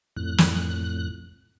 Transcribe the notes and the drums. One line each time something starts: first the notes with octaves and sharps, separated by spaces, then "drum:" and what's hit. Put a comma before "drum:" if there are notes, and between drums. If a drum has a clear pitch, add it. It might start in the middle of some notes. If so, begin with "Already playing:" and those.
F2 A2 F#6
drum: snare